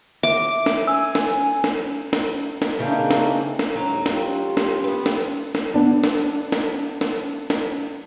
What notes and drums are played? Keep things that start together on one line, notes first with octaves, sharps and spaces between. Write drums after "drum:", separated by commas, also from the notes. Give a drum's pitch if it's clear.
E5 D6
drum: snare
G#5 E6
drum: snare
drum: snare
drum: snare
drum: snare
C#3 E3 A#3 C4 D4 D#4
drum: snare
drum: snare
D#2 G#2 F#3 A#5
F4 G4, drum: snare
drum: snare
B3 B4
drum: snare
drum: snare
B3 D4
drum: snare
drum: snare
drum: snare
drum: snare